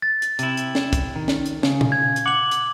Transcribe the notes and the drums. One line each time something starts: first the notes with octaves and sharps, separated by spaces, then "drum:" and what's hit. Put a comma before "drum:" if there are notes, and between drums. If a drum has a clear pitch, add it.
A6
drum: hi-hat
C3 E4, drum: hi-hat
drum: hi-hat
drum: snare
drum: kick, hi-hat
D#3
drum: snare
drum: hi-hat
C#3, drum: snare
drum: tom A#2
G#6
drum: hi-hat
F#5 D6 F#7
drum: hi-hat